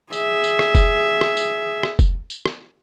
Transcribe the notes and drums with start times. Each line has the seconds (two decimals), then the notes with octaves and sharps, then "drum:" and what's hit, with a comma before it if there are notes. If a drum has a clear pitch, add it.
0.13 G#4 E5, drum: tambourine
0.44 drum: tambourine
0.59 drum: rim click
0.75 drum: kick F1, tambourine
1.21 drum: rim click
1.37 drum: tambourine
1.83 drum: rim click
1.99 drum: kick F1, tambourine
2.30 drum: tambourine
2.46 drum: rim click